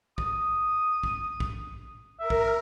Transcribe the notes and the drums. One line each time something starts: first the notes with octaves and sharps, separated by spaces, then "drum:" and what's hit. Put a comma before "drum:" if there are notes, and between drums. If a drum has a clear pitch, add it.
D#6, drum: kick A#1
drum: kick A#1
drum: kick A#1
A#4 E5
drum: kick A#1